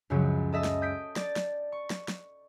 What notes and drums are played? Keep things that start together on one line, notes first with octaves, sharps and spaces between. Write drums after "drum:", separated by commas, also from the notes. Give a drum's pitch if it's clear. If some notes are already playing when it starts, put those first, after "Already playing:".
C#2 F#2 C#3 F3 F#3
A4 D#5 E5 A5 E6
drum: snare
D#6 G6 B6 D7
D5 A6, drum: snare
drum: snare
C#6
drum: snare
drum: snare